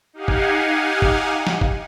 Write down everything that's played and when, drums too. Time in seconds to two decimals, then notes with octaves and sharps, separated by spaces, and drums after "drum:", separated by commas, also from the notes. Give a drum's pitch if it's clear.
0.13 D#4 G4 F5 F#5 G#5
0.28 drum: kick G1
1.02 drum: kick G1
1.47 drum: snare
1.61 drum: kick G1